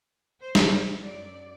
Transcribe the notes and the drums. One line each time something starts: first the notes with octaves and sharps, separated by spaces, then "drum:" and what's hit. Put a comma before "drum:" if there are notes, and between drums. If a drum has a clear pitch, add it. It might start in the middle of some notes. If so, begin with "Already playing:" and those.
C5
drum: snare
F#2 F#3 D5